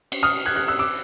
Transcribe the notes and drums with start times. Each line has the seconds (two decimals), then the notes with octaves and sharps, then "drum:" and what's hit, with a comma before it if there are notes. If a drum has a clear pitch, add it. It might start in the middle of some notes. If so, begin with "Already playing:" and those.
0.12 drum: cymbal
0.23 D#6 F6
0.46 F#6 G#6
0.56 F#6 G#6
0.68 E6 F#6
0.79 D6 E6